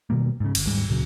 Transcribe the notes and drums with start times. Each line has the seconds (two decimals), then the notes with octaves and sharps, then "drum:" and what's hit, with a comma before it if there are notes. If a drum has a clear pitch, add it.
0.10 B2 D#3 G3 A#3
0.40 G#2 C#3
0.55 G1, drum: cymbal
0.67 D#2 G#2 G3 G#3
0.89 C#2 A#2 C#3 F#3